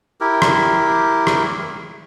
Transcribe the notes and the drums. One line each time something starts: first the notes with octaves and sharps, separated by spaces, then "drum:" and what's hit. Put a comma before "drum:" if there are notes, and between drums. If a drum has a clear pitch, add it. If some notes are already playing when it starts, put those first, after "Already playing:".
E4 G4 A#4
drum: rim click
drum: rim click